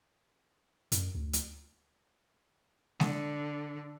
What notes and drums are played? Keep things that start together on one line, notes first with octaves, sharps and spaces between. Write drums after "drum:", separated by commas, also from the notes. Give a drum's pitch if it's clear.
F#2, drum: hi-hat
D2
drum: hi-hat
D3, drum: snare G#3